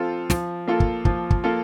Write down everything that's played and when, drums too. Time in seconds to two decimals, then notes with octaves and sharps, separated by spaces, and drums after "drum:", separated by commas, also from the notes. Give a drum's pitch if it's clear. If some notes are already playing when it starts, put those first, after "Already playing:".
Already playing: F3 C4 F4 A4
0.30 F3, drum: snare
0.67 A#3 F4 A4
0.80 drum: kick
1.05 F3, drum: kick
1.30 drum: kick
1.44 A#3 F4 A4